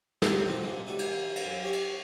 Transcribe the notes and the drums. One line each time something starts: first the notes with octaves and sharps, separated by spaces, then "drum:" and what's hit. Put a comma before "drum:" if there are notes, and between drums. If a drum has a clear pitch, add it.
G#3 A#3 B3 G4, drum: snare
F#2 A#2 F3 C4
G#2 C#3 A#3
E3 G3 D#4 F#4
drum: cymbal
drum: cymbal
F#2
G4 C#5 C#6
drum: cymbal